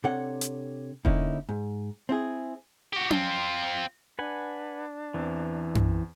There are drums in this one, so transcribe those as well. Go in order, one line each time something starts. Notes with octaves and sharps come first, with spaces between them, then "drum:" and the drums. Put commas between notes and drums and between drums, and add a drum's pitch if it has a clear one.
C3 D4 A4 C#5 F#5
drum: hi-hat
D3 A#3 C#4 D#4 E4, drum: kick E1
G#2
C4 E4 G#4
F#4 G4
C4 F4, drum: tom C#4
D4 B4 F#5 G#5
E2 E3 C4
drum: tom F#2